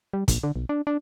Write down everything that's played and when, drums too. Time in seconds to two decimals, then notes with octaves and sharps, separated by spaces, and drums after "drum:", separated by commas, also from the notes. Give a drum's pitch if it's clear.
0.13 G3
0.28 A#1, drum: kick, hi-hat
0.43 D3
0.56 B1
0.69 D4
0.87 D4